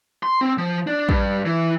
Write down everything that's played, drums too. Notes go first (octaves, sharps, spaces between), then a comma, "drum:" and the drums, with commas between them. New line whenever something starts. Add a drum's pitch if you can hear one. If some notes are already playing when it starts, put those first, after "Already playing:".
C6
C4
F3
D4
G2, drum: kick
E3